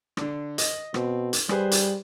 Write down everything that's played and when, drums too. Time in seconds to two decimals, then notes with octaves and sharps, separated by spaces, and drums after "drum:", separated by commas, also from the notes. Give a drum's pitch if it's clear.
0.17 D3 D4, drum: rim click
0.58 D#5, drum: hi-hat
0.94 B2 C4, drum: rim click
1.33 drum: hi-hat
1.49 G3 G#4 B4 C5, drum: rim click
1.71 drum: hi-hat